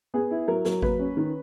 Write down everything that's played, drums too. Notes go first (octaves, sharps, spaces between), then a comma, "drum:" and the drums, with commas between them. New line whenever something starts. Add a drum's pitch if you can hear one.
B3 G#4
E4
F#3 A#4
F#3 A#4, drum: snare
A#3 B4, drum: kick G#1
C#4
D#3